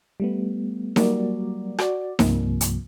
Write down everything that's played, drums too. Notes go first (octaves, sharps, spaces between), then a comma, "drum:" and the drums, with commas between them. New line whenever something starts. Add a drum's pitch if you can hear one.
G3 A3 B3
F#3 G3 A#3 F#4 A#4 D5, drum: snare D#4
F#4 D5, drum: rim click
C2 G2 C3 F3 A#3, drum: snare D#4
drum: hi-hat